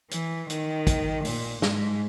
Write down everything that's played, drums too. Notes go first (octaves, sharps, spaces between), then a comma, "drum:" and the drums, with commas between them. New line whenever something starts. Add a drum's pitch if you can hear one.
E3, drum: hi-hat
D#3, drum: hi-hat
drum: kick, hi-hat
A#2, drum: open hi-hat
G#2, drum: snare